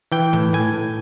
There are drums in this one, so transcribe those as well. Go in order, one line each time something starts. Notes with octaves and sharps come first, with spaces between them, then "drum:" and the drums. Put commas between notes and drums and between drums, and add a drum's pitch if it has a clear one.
E3 G5
A2, drum: tom E3
A2 G#5
A2